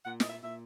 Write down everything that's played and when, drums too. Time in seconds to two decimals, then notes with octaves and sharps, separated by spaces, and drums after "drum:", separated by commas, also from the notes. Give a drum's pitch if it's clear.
0.05 A#2 F#5
0.20 D#5, drum: snare
0.29 E5
0.42 A#2 E5